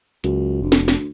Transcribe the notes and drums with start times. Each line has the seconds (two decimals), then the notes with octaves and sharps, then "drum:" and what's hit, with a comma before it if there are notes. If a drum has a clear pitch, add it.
0.24 C#2 F#2, drum: hi-hat
0.62 F1 D2
0.72 drum: snare
0.88 drum: snare